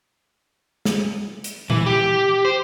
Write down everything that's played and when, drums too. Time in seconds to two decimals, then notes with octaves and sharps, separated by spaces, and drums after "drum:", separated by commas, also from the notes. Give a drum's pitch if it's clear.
0.85 drum: snare
1.44 drum: hi-hat
1.70 E3, drum: tom A#2
1.86 G4
2.45 C5